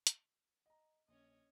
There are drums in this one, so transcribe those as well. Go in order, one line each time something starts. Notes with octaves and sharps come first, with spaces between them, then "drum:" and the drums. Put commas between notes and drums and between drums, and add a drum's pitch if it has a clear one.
drum: hi-hat
D#5 A#5
A#1 C#4 C#5 D#5